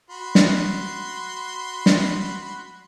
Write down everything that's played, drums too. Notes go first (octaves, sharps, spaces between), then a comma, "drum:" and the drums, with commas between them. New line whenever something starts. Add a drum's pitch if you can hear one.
F#4 B5 C6
drum: snare
drum: snare